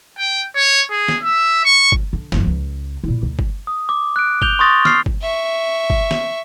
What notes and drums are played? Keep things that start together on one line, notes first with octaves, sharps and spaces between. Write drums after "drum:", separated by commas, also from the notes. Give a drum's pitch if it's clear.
G5
C#5
G#4
drum: snare
E5
C#6
drum: kick
D3
F#1 F3, drum: snare
C#2
A#2 E4
D2
drum: kick
D#6
D6
F#6 D7
G6 F7 G7, drum: kick
C6 C#6 D#6 A6 A#6
F6 C7, drum: snare
drum: kick
E5 C#6
drum: kick
drum: snare